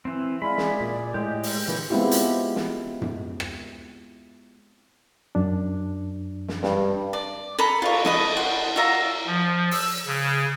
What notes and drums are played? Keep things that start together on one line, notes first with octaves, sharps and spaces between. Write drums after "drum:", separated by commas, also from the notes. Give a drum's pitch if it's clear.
E3 C4
G#3 E4 D5 F5 B5
G#4, drum: snare
A#2
A2 G#3 G4
drum: open hi-hat
A#2 D3 E3
G#3 B3 C4 E4 F4 G4
drum: hi-hat
drum: snare
drum: tom F#2
drum: rim click
F#2 D4
drum: snare
G2, drum: snare
D5
A4 A#5 B5
F4 C#5, drum: cymbal
A4 D#5 B5, drum: snare
C5 F#5
F4 F#4 E5 A#5
F3
E6, drum: open hi-hat
C#3